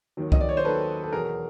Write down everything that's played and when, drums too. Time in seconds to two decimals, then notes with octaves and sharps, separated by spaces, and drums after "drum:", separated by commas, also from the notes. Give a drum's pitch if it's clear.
0.17 D#2 D#3 F#3
0.32 D#5, drum: kick C2
0.41 D5
0.49 C#5
0.57 C5
0.65 D#2 D#3 F#3 A4 B4
1.04 A4
1.12 E2 B2 F#3 G#4 A#4